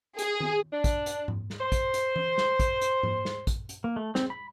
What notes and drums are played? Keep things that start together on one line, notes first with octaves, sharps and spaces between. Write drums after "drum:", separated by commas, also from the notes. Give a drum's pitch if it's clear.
G#4, drum: hi-hat
drum: tom D#3
D4
drum: kick, hi-hat
drum: hi-hat
drum: tom G#2
drum: snare
C5
drum: kick, hi-hat
drum: hi-hat
drum: tom E3
drum: snare
drum: kick, hi-hat
drum: hi-hat
drum: tom G#2
drum: snare
drum: kick, hi-hat
drum: hi-hat
A#3
A3
C4, drum: snare
B5